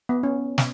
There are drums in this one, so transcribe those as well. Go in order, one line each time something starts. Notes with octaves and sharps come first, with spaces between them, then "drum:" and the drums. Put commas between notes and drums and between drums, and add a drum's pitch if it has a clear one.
B3
C#4
drum: snare